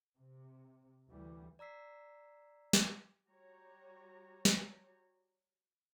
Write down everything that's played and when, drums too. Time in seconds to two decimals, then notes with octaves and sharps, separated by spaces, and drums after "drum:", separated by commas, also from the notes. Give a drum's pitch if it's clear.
0.16 C3
1.10 D2 E3 G3
1.59 D5 A#5 E6 B6 C7
2.73 drum: snare
3.28 G3 F#4 G4 C#5 A#5
4.45 drum: snare